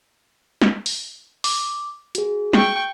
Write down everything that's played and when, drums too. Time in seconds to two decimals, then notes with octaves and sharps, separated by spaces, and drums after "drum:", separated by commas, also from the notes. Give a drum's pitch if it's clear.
0.62 drum: snare
0.86 drum: open hi-hat
1.44 D6, drum: open hi-hat
2.15 F#4 G#4, drum: hi-hat
2.53 G5 C#6, drum: snare